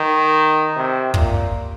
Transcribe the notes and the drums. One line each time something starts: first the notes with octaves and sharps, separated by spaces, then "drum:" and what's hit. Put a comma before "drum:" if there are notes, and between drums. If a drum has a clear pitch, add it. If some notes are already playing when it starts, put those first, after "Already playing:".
Already playing: D#3
C3
A#2, drum: kick